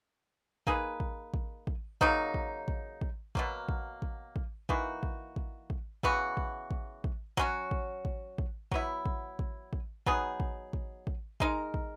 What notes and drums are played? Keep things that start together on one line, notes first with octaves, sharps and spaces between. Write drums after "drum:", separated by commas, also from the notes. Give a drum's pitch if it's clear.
A#3 D#4 G#4 B4, drum: kick
drum: kick
drum: kick
drum: kick
C#3 F#3 A#3 D#4, drum: kick
drum: kick
drum: kick
drum: kick
B2 F#3 A#3, drum: kick
drum: kick
drum: kick
drum: kick
E3 A#3 D#4 F#4, drum: kick
drum: kick
drum: kick
drum: kick
C#3 E3 B3 F#4, drum: kick
drum: kick
drum: kick
drum: kick
F#3 C#4 F#4, drum: kick
drum: kick
drum: kick
drum: kick
F#3 B3 E4, drum: kick
drum: kick
drum: kick
drum: kick
F#3 B3 D#4 G#4, drum: kick
drum: kick
drum: kick
drum: kick
G#3 D#4 A#4, drum: kick
drum: kick